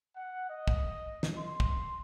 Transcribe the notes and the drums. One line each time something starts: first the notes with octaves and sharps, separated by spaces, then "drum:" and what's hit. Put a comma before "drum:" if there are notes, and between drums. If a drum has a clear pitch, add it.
F#5
D#5
drum: kick
drum: snare
C6
drum: kick